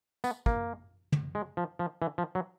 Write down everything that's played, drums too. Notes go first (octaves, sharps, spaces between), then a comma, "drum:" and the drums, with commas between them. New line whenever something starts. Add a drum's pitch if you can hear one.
B3, drum: tambourine
A#3, drum: kick
drum: tom
G#3
F3
F3
E3
F3
F#3